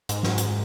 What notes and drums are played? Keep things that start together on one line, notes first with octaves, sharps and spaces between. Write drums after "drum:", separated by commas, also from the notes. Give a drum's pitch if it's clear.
G#2, drum: hi-hat
drum: snare
drum: hi-hat